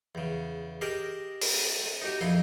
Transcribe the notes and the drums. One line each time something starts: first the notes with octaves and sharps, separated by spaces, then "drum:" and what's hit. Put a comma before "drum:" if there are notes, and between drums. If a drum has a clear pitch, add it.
E2 C#3
G4 G#4 A#4 D#5 A5
drum: open hi-hat
D#4 F#4 G4
A#1 F2 D#4 E4 C6